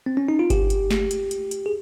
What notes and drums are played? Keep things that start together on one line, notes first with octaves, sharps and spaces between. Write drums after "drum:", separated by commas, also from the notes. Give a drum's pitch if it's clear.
C4
C#4
D#4
F4
G4, drum: kick G1, hi-hat
drum: hi-hat
drum: snare
drum: hi-hat
drum: hi-hat
drum: hi-hat
G#4